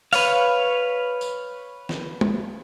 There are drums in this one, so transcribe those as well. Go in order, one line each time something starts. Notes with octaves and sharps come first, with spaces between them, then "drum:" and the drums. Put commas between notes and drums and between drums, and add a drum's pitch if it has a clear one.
B4 C#5 F5, drum: open hi-hat
drum: tambourine
drum: snare
drum: tom G#3